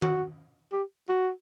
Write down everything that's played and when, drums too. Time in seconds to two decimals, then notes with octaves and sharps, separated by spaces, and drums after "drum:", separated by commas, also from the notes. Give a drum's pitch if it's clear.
0.02 F#4, drum: tom D#3
0.72 G4
1.09 F#4